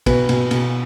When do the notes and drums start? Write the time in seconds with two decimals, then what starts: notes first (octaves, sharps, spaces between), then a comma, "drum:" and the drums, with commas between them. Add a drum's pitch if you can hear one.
0.06 B2 B4, drum: kick A#1, cymbal
0.29 B2, drum: cymbal
0.51 B2, drum: cymbal